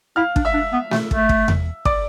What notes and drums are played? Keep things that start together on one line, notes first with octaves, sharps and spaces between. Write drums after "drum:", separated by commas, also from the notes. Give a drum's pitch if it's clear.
E4 F5 F6
D4, drum: kick
E5 E6
D4
B3
A3, drum: snare A3
A3, drum: kick
drum: kick
drum: tom E2
D5 D6, drum: kick